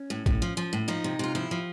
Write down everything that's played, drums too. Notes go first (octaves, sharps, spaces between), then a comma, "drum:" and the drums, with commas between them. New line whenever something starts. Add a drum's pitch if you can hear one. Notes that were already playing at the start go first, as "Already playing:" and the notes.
Already playing: C#4
A2
A2, drum: kick A1
F3
F3
A2
F3 D#4
C3
C3 F4
F3 E4
F3